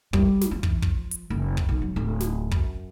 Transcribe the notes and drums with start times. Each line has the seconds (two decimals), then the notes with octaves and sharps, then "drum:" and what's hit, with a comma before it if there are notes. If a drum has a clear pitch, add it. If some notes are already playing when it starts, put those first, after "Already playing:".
0.13 G3, drum: kick
0.41 drum: snare
0.51 F3
0.63 E3, drum: kick
0.82 F3, drum: kick
1.11 drum: hi-hat
1.30 F#1
1.57 drum: kick
1.69 B1
1.82 F#3
1.96 D1
2.21 drum: snare
2.51 F#2, drum: kick